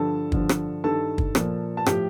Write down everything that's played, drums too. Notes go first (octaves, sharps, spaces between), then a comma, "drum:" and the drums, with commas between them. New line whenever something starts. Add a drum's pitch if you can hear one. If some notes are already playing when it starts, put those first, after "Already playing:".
Already playing: G2 D3 F3 A4 A5
G2 D3 F3, drum: kick
drum: rim click
G2 D#3 A4 A5
drum: kick
A#2 F3, drum: rim click
A5
A2 F3 G4 G5, drum: rim click